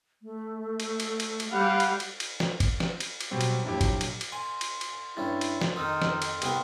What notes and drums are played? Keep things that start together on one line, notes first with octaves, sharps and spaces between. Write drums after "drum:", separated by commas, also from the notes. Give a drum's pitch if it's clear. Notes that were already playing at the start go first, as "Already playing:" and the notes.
A3
drum: cymbal
drum: cymbal
drum: cymbal
drum: cymbal
G3 F5 F#5 B5
drum: cymbal
drum: cymbal
drum: cymbal
drum: snare
drum: kick, cymbal
drum: snare
drum: cymbal
drum: cymbal
B2 F#3 G3 C4
drum: cymbal
F2 A#2 F#3 D4 E4 G4
drum: kick, cymbal
drum: cymbal
drum: cymbal
G#5 C6
drum: cymbal
drum: cymbal
G2 C#4 E4 A6
drum: cymbal
drum: snare
F2 D#3 D#4 C6 E6 F6
drum: snare
drum: cymbal
C2 C3 B3 C4 A#4, drum: cymbal